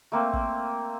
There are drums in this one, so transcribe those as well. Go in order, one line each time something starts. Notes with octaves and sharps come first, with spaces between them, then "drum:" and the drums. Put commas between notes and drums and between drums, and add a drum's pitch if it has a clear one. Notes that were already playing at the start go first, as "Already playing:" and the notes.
A3 A#3 C4
drum: kick